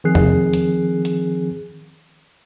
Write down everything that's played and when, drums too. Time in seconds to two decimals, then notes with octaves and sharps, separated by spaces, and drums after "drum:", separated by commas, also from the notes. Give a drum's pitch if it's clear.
0.04 D#3 F3 C4 G#4 F#6 C7
0.15 drum: tom E2
0.53 drum: hi-hat
1.05 drum: hi-hat